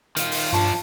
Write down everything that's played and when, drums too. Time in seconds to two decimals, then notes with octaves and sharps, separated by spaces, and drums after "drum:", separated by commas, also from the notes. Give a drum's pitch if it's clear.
0.17 D#3 F4, drum: hi-hat
0.31 drum: open hi-hat
0.53 G2 F3 D4 F4 A5